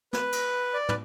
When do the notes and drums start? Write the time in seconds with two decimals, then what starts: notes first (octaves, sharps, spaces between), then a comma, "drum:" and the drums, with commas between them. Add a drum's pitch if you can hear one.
0.13 B4, drum: snare
0.32 drum: cymbal
0.74 D5
0.89 B4, drum: tom